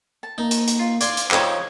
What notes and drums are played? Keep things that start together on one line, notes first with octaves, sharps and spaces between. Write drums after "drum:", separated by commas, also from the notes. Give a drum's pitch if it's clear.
A5
A#3 D#4
drum: hi-hat
drum: hi-hat
F4
D5 F5 C6 G#6, drum: hi-hat
drum: hi-hat
F3 D#4 G4 A4 C#5 D#6, drum: clap